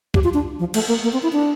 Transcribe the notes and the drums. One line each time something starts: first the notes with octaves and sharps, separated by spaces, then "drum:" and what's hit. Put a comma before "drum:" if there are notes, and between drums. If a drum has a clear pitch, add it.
G4, drum: kick
F4
D4
F3
A3, drum: cymbal
A#3
A#3
C4
E4
D4